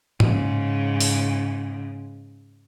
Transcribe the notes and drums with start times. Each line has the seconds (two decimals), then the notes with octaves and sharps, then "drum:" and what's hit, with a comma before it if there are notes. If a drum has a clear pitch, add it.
0.20 G#2 C#3, drum: tom A2
1.01 drum: open hi-hat